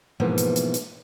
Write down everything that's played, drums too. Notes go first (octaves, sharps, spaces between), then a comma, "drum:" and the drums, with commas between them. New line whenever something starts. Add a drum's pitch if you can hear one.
G#2 B2 E3 F3 A#3
drum: hi-hat
drum: hi-hat
drum: hi-hat